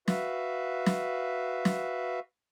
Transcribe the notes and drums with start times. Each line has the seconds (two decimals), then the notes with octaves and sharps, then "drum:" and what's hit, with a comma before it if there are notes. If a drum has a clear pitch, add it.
0.08 F#4 B4 E5 F5, drum: snare
0.86 drum: snare
1.65 drum: snare